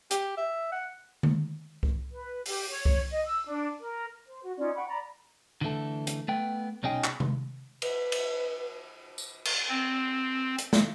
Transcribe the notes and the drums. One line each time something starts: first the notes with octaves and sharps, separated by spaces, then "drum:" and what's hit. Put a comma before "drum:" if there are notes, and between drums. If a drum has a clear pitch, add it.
G4, drum: hi-hat
E5
F#5
drum: tom D3
drum: kick C2
B4
G4, drum: open hi-hat
C#5
drum: kick C2
D#5
E6
D4
A#4
C5
F#4
C#4 D#4 F4 D5
F#5 G5 B5 C#6
D5 A#5 B5
D3 E3 A3 A4
drum: hi-hat
A3 B3 G5
C2 B2 C#4 D#4 G#4 G5
drum: clap
drum: tom C3
B4, drum: cymbal
drum: cymbal
drum: tambourine
drum: cymbal
C4
drum: hi-hat
drum: snare